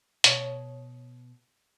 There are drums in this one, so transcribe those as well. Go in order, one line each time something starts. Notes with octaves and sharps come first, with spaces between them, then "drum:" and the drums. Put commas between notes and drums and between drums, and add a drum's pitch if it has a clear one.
B2 C#5, drum: hi-hat